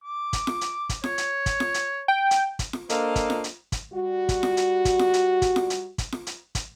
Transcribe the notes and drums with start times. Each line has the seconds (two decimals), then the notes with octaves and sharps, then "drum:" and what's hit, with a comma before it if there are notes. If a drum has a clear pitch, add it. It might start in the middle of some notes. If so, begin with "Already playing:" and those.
0.04 D6
0.33 drum: kick, hi-hat
0.47 drum: snare F4
0.61 drum: hi-hat
0.89 drum: kick, hi-hat
1.04 C#5, drum: snare F4
1.18 drum: hi-hat
1.46 drum: kick, hi-hat
1.60 drum: snare F4
1.74 drum: hi-hat
2.08 G5
2.31 drum: hi-hat
2.59 drum: kick, hi-hat
2.73 drum: snare F4
2.89 A#3 D4 A4 C5 D#5 F5, drum: hi-hat
3.16 drum: kick, hi-hat
3.30 drum: snare F4
3.44 drum: hi-hat
3.72 drum: kick, hi-hat
3.93 G3 F#4
4.29 drum: kick, hi-hat
4.43 drum: snare F4
4.57 drum: hi-hat
4.85 drum: kick, hi-hat
4.99 drum: snare F4
5.13 drum: hi-hat
5.42 drum: kick, hi-hat
5.56 drum: snare F4
5.70 drum: hi-hat
5.98 drum: kick, hi-hat
6.12 drum: snare F4
6.27 drum: hi-hat
6.55 drum: kick, hi-hat